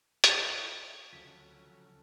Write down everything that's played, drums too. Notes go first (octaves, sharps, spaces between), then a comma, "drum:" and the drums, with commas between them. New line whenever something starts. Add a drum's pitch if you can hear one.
F4 F5, drum: hi-hat
D2 C#3 F3 F#3 C#4 A4 B6